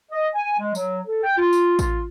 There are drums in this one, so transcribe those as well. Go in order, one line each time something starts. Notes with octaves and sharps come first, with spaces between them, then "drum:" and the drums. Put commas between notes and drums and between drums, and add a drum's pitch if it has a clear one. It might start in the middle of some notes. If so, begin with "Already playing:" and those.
D#5
G#5
G#3
F#3, drum: tambourine
A4
G5
F4
drum: tambourine
F4, drum: kick A1, tambourine